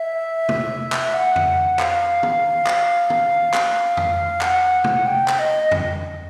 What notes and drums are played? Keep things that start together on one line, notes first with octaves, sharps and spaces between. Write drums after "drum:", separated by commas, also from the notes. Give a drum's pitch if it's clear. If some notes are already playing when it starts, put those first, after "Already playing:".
Already playing: E5
drum: tom
drum: clap
F#5
drum: tom F2
F5, drum: clap
drum: tom
drum: clap
drum: tom
drum: clap
drum: tom F2
F#5, drum: clap
drum: tom
G5
drum: clap
D#5
drum: tom F2